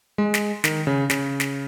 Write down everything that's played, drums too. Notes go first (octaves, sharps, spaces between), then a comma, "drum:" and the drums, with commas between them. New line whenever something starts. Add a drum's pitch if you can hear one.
G#3
drum: snare
D#3, drum: snare
C#3
C#3, drum: snare
drum: snare